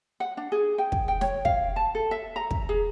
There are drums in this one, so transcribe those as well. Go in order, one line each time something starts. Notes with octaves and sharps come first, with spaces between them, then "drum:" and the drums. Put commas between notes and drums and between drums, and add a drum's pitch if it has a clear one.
F#5
D4
G#4
G5
drum: kick
G5
C#5, drum: snare
F5, drum: kick
A5
A4
E5
A#5
drum: kick
G#4